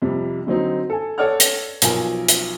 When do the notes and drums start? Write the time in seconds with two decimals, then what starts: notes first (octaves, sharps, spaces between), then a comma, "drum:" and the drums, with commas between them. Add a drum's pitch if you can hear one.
0.02 F2 C3 G3
0.47 D3 F#3 C4 D#4
0.90 A4 G#5
1.18 A4 C#5 D5 F#5 F6
1.40 drum: hi-hat
1.82 B1 F3 A#4 G#5, drum: hi-hat
2.28 drum: hi-hat